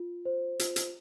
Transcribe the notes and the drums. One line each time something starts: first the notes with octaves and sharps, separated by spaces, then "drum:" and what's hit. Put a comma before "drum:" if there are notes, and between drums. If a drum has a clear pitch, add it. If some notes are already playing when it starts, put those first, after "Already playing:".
Already playing: F4
C5
F4, drum: hi-hat
drum: hi-hat